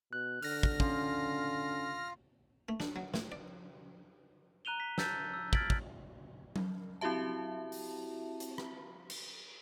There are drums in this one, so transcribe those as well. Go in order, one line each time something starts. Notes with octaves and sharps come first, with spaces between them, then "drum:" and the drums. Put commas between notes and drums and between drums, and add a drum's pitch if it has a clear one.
B2 F#6
D3 F6 A#6, drum: open hi-hat
drum: kick
C#4 F4 F5, drum: kick
A3
D4, drum: snare
F#3
A2, drum: snare
D5
A#5 F#6 D#7 F7 G7
B6
A5 E6 G6 A6 B6, drum: snare
E6
F6 G#6 A6 B6 D7 F#7, drum: kick
drum: kick
drum: tom F#3
C4 E4 F#4 G4 E5 A5
drum: open hi-hat
drum: hi-hat
drum: rim click
drum: cymbal